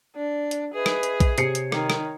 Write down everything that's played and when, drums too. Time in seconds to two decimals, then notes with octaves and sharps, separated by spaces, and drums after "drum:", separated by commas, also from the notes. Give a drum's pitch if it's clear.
0.16 D4
0.51 drum: hi-hat
0.74 G#4 B4 D#5 E5
0.86 drum: rim click
1.03 drum: hi-hat
1.20 drum: kick A#1, hi-hat
1.38 C3 C#5 C7 C#7, drum: hi-hat
1.55 drum: hi-hat
1.72 D#3, drum: rim click
1.90 drum: rim click